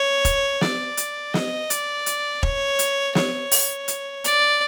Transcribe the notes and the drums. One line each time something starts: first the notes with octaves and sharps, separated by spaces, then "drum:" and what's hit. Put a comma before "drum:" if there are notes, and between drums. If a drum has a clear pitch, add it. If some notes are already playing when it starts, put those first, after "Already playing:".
Already playing: C#5
drum: kick E1, hi-hat
D5, drum: snare
drum: hi-hat
D#5, drum: snare
D5, drum: hi-hat
drum: hi-hat
C#5, drum: kick E1
drum: hi-hat
C#5, drum: snare
drum: open hi-hat
drum: hi-hat
D5, drum: hi-hat